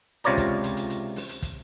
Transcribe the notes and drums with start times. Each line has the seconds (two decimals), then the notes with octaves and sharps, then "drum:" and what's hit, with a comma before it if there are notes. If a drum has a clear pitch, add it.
0.24 C#2 C3 F4 C#5 D5 A#5, drum: hi-hat
0.37 drum: kick, hi-hat
0.64 drum: hi-hat
0.77 drum: hi-hat
0.90 drum: hi-hat
1.16 drum: open hi-hat
1.29 drum: hi-hat
1.42 drum: kick, hi-hat